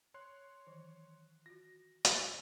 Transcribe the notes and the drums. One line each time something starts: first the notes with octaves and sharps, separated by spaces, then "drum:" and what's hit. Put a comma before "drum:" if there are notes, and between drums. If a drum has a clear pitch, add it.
C#5 C6 F#6
D#3 E3 F#3
F4 F#4 A#6
drum: hi-hat